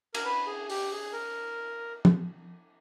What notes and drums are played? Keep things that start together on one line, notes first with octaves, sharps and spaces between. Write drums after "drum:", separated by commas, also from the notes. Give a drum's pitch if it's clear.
A#4, drum: cymbal
B4
G#4
G4, drum: open hi-hat
G#4
A#4
drum: tom F3